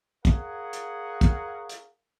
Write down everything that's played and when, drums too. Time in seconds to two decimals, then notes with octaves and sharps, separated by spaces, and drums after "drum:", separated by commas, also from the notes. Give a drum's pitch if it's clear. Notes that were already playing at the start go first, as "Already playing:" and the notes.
0.25 G#4 A#4 C#5 F5 F#5, drum: kick, hi-hat
0.73 drum: hi-hat
1.21 drum: kick, hi-hat
1.69 drum: hi-hat